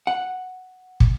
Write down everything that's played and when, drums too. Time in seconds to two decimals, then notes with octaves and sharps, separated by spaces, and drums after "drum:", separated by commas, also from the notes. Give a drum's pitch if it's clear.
0.07 F#5
1.00 drum: kick